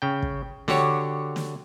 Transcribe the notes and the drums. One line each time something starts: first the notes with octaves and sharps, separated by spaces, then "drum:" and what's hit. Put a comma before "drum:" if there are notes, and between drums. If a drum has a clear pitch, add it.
C#3 G5
drum: kick
D3 F#4 G4 C#5, drum: snare
drum: snare